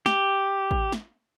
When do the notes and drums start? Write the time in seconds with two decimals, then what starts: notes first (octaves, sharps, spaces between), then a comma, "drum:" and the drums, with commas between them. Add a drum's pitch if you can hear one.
0.06 G4, drum: snare
0.71 drum: kick
0.92 drum: snare